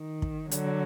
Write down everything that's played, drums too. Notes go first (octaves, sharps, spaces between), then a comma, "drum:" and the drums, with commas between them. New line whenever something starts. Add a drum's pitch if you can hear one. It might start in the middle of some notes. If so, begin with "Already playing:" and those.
Already playing: D#3
drum: kick
D3 F#3, drum: hi-hat